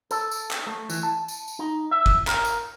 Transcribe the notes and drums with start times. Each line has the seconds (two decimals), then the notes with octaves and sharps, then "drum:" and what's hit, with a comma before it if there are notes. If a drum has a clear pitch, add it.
0.11 A4, drum: tambourine
0.31 drum: tambourine
0.51 drum: clap
0.67 A3
0.90 E3, drum: tambourine
1.03 A5
1.28 drum: tambourine
1.48 drum: tambourine
1.59 D#4
1.91 E5
2.06 drum: kick
2.27 A#4, drum: clap
2.45 drum: tambourine